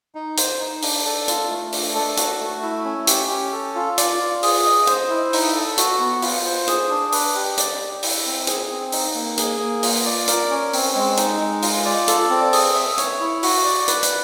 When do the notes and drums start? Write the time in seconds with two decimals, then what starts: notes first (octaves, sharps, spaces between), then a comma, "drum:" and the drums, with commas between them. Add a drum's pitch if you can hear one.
0.15 D#4
0.37 C5, drum: hi-hat
0.60 D#4
0.82 D4, drum: open hi-hat
1.06 A4
1.28 F4, drum: hi-hat
1.50 A3
1.73 D4, drum: open hi-hat
1.95 A4
2.17 F#4, drum: hi-hat
2.40 A3
2.63 E4
2.85 C#4
3.07 G4, drum: hi-hat
3.30 C#4
3.52 A4
3.75 F4
3.98 D5, drum: hi-hat
4.20 F4
4.43 G#4, drum: open hi-hat
4.65 D#5
4.87 C5, drum: hi-hat
5.10 E4
5.33 D#4, drum: open hi-hat
5.55 A4
5.78 F#4, drum: hi-hat
6.00 B3
6.22 F4, drum: open hi-hat
6.46 C5
6.67 G#4, drum: hi-hat
6.90 D4
7.12 B4, drum: open hi-hat
7.35 G4
7.58 D5, drum: hi-hat
7.80 G4
8.03 E4, drum: open hi-hat
8.26 C4
8.47 G#4, drum: hi-hat
8.71 C4
8.92 D#4, drum: open hi-hat
9.15 A#3
9.38 G#4, drum: hi-hat
9.60 A#3
9.83 F4, drum: open hi-hat
10.05 D5
10.28 A#4, drum: hi-hat
10.50 C#4
10.73 C4, drum: open hi-hat
10.95 G#3
11.17 D#4, drum: hi-hat
11.40 G#3
11.62 F4, drum: open hi-hat
11.85 D5
12.08 A4, drum: hi-hat
12.30 C4
12.53 G#4, drum: open hi-hat
12.75 E5
12.98 C#5, drum: hi-hat
13.20 E4
13.43 F#4, drum: open hi-hat
13.65 D5
13.88 B4, drum: hi-hat
14.03 drum: hi-hat